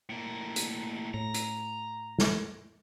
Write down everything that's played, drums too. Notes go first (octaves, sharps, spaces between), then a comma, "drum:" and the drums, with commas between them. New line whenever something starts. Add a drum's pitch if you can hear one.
A2 A#3
drum: hi-hat
A2 A#5
drum: hi-hat
drum: snare